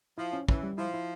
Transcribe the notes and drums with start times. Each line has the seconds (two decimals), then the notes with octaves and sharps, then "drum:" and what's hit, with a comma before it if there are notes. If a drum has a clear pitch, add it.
0.18 F3 E4
0.33 C#4
0.49 E3 C#4, drum: kick
0.63 G3
0.78 F3 E4
0.94 E4